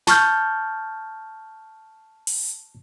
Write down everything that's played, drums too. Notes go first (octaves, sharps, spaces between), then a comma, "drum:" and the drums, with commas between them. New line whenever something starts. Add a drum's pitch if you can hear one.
A5 C#6 F6 G6, drum: snare
drum: open hi-hat